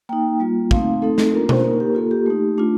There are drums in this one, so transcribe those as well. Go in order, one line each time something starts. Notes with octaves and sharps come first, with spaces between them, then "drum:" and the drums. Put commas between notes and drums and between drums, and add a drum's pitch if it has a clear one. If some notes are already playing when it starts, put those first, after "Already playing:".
A#3 D#4 G5
G3 A#3 F4
A3 C4 D#4 F5, drum: kick
A3 C4 D#4 A4
A4, drum: snare
A#3 D4 F4 A#4
C5, drum: tom B2
A#3 D#4 A#4
G4
A#3 F4 A4
G4
A3 D#4
A3 D4 F4